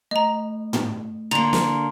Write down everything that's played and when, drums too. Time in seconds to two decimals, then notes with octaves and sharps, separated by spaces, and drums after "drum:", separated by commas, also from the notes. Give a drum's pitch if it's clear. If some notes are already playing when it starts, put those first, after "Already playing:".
0.11 A3 D#5 A#5
0.73 drum: tom
1.31 D3 A#3 A#5 C6 F7
1.53 drum: snare